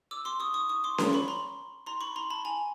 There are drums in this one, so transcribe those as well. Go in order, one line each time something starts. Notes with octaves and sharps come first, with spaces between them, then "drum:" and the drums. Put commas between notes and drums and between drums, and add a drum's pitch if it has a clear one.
D6 E6
C6 D6
C#6 D#6
C#6 D#6
C#6 D#6
C6 D6
A#5 C6, drum: snare C#4
B5 C#6
A#5 C6
A#5 C6
B5 C#6
A#5 C6
A5 B5
G#5 A#5